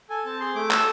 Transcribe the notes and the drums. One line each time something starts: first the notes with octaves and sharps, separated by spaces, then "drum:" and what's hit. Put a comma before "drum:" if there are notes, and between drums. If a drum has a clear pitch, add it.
A4 G#5
C4 A5
G#4 C6
A3 D6
A4 E6, drum: clap